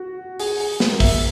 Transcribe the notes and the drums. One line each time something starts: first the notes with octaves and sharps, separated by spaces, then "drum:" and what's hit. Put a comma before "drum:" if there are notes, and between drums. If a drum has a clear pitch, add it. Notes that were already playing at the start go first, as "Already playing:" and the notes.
Already playing: F#4
G#4, drum: open hi-hat
G#4, drum: open hi-hat
A#4, drum: snare
E5, drum: kick, open hi-hat